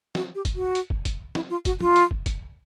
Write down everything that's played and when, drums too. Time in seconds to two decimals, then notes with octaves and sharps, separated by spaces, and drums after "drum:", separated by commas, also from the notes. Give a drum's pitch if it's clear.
0.15 F#4, drum: snare
0.35 G4
0.45 drum: kick, hi-hat
0.55 F#4
0.75 drum: hi-hat
0.90 drum: kick
1.05 drum: kick, hi-hat
1.35 E4, drum: snare
1.50 F4
1.65 F#4, drum: kick, hi-hat
1.81 F4, drum: tom
1.96 drum: hi-hat
2.11 drum: kick
2.26 drum: kick, hi-hat